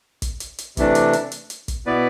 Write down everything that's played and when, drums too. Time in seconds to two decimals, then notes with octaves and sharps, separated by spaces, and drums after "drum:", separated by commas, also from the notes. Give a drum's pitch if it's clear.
0.22 drum: kick, hi-hat
0.40 drum: hi-hat
0.58 drum: hi-hat
0.77 C3 E3 A3 D4, drum: kick, hi-hat
0.95 drum: hi-hat
1.13 drum: hi-hat
1.32 drum: hi-hat
1.50 drum: hi-hat
1.68 drum: kick, hi-hat
1.86 B2 B3 E4 B4 D5